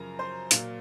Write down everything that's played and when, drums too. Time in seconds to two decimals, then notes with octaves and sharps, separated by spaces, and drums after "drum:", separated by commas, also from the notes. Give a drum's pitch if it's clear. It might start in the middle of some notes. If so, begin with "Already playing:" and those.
Already playing: F#2 C#3 F3 A#4 A#5
0.19 C5 C6
0.51 A#2 F#3 A#3, drum: hi-hat